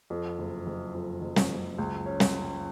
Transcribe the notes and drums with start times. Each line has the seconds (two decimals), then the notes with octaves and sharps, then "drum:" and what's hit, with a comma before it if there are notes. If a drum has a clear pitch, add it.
0.10 F2
0.39 F#1
0.67 F#1
0.95 F2
1.22 F#1
1.36 drum: snare
1.50 F#1
1.79 C#2
2.06 C#4
2.20 drum: snare
2.35 C#4